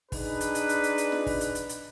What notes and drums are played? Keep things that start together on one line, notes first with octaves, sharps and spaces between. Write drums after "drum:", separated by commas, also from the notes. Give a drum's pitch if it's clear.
D4 D#4 G#4 B4, drum: kick, open hi-hat
drum: hi-hat
drum: hi-hat
drum: hi-hat
drum: hi-hat
drum: hi-hat
drum: snare F4
drum: kick, open hi-hat
drum: hi-hat
drum: hi-hat
drum: hi-hat